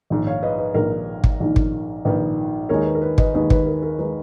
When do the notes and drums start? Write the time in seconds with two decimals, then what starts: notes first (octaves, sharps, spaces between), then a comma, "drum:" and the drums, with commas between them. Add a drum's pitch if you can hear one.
0.10 A#1 G#2 D#3
0.27 C#5 F5
0.43 B4 D#5
0.58 B4
0.74 A#1 G#2 D#3 A#4
1.24 drum: kick
1.40 A#1 G#2 D#3
1.56 drum: kick
2.05 A#1 G#2 D#3 B4
2.69 D#2 D#3 G#3 D#4 A#4 C#5
2.86 B4
2.95 A#4
3.02 B4
3.18 B4 D#5, drum: kick
3.34 D#2 D#3 G#3 D#4 B4 D#5
3.50 B4, drum: kick
3.67 A#4
3.82 A#4
3.99 D#3 G#3 D#4 B4